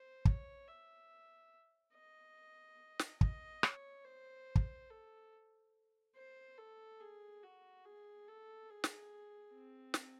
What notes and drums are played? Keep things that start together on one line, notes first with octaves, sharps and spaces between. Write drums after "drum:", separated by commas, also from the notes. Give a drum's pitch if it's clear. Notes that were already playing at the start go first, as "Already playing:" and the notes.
Already playing: C5
C#5, drum: kick
E5
D#5
drum: snare
D#5, drum: kick
C#5, drum: rim click
C5
drum: kick
A4
C5
A4
G#4
F#4
G#4
A4
G#4
drum: snare
C4
drum: snare